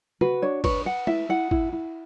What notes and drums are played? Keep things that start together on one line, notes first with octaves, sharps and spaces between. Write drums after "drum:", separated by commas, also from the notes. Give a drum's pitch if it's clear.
F#4 B4, drum: tom C#3
D4 C#5
B4 C#5, drum: kick, cymbal
B4 F#5
E4 E5, drum: tom G#3
E4 F#5
E4, drum: kick
E4